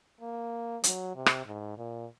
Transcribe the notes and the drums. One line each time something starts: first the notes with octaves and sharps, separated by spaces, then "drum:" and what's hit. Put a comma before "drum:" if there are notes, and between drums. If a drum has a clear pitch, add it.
A#3
F#3, drum: hi-hat
C3
drum: rim click
G#2
A#2